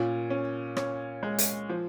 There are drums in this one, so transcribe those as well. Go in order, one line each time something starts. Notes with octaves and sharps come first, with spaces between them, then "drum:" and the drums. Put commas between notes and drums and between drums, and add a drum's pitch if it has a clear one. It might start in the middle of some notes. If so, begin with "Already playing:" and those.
Already playing: A#2 C#4
C#4
C#4, drum: rim click
G#3
drum: hi-hat
F3